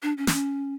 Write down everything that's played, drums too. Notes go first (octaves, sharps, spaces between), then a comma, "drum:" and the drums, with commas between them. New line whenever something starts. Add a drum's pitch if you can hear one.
D4
C#4
D4, drum: snare
C#4